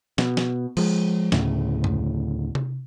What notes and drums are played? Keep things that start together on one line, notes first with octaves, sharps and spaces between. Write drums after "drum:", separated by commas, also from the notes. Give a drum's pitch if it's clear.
B2, drum: snare
drum: snare
F3 G#3, drum: cymbal
D2 A2 C#3, drum: snare
drum: tom F2
drum: tom C3